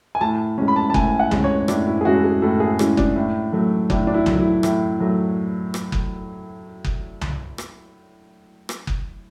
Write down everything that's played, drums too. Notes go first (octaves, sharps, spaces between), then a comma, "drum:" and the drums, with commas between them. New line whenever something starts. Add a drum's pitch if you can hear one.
G#5
A2 A5
G#3 C#4
B5
A5
A5
A2 G#5, drum: kick F#1
F#5
G#3 C#4, drum: tom C2
C#5
A2 D4, drum: rim click
E4
G#4
G#3 C#4 F#4
A4
G#4
A2 A4
G#4
G#3 C#4 E4, drum: rim click
D4, drum: kick F#1
A2
F#3 A3
A2 D4, drum: kick F#1
D4
E4
F#3 A3, drum: tom C2
E4
A2, drum: rim click
F#3 A3
drum: rim click
drum: kick F#1
drum: kick F#1
drum: tom C2
drum: rim click
drum: rim click
drum: kick F#1